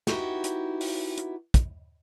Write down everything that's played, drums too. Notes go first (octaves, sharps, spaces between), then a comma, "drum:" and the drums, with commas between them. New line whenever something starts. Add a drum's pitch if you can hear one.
B3 D#4 E4 F#4 G4, drum: snare
drum: hi-hat
drum: open hi-hat
drum: hi-hat
drum: kick, hi-hat